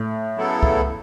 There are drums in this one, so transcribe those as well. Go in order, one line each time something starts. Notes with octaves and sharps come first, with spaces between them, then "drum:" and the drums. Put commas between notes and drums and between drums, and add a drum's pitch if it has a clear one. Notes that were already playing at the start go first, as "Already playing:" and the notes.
Already playing: A2
C#3 F#3 B3 E4 A4
drum: kick C#2